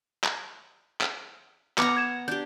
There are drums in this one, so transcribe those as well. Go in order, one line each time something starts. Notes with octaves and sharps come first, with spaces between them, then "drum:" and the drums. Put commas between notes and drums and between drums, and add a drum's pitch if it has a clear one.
drum: clap
drum: clap
B3 A#5 D6 F6 C#7, drum: clap
G#6 E7
D4 G4 G6